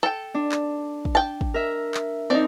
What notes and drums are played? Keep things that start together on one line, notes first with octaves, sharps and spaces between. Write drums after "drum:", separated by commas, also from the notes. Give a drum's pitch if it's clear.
A4 G5
D4
drum: clap
drum: kick
G5 A5
drum: kick
A#4 E5
drum: clap
F3 C4 D#4 D5